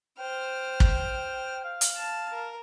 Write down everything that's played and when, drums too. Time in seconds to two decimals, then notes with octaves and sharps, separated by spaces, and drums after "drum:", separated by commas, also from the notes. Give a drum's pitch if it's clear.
0.19 C5 G5 F6
0.80 drum: kick
1.64 F5
1.81 drum: hi-hat
1.96 A5
2.31 A#4